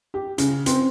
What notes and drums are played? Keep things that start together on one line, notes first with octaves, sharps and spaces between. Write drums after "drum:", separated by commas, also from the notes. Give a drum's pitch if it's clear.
G4
C#3, drum: hi-hat
C4, drum: hi-hat